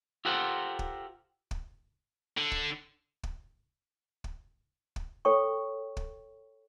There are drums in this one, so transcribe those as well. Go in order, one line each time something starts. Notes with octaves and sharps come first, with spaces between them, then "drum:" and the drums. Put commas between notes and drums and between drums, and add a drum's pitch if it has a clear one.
F4 G4 A4 A#4 C5 F#5
drum: kick
drum: kick
D3
drum: kick
drum: kick
drum: kick
drum: kick
A4 C#5 G5 C#6
drum: kick